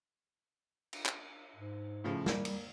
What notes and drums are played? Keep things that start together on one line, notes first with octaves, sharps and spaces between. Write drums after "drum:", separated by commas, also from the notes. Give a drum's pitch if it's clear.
drum: cymbal
drum: clap
G#2
A2 C#3 F3
G3 A#3, drum: snare
drum: cymbal